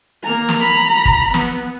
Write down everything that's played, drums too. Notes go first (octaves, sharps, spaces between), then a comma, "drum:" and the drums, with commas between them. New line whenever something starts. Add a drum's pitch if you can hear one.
A#3 A#5
drum: snare
A#5 B5
drum: kick
B3, drum: snare